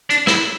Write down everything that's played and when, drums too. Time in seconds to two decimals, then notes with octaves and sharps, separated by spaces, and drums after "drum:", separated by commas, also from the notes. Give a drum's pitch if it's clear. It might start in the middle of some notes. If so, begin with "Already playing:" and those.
0.10 D4, drum: hi-hat
0.27 E4, drum: rim click